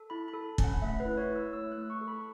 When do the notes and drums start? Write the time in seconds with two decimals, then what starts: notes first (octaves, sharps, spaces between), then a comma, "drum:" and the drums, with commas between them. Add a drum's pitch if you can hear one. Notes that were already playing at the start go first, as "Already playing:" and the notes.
Already playing: A4
0.10 E4 B5
0.28 B5
0.33 A4
0.58 C#4, drum: kick
0.64 F#5
0.82 A3 E5
1.00 B4
1.05 E4
1.17 C#5
1.30 E4
1.35 E6
1.53 A3 E6
1.72 F#6
1.77 A3
1.90 C#6
2.01 A4
2.08 B5